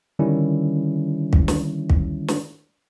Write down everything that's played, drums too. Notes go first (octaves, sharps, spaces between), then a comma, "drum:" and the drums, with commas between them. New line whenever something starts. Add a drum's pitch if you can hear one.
D3 D#3 G3 C#4 E4
drum: kick
drum: snare
drum: kick
drum: snare